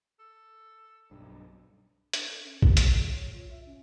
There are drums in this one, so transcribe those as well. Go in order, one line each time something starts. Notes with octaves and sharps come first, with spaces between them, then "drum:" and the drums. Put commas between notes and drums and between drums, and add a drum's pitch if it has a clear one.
A4
B1 G2
D4, drum: hi-hat
A4
C#4
D4, drum: kick
F4, drum: hi-hat
G#4
C#5
F4
E5
C#4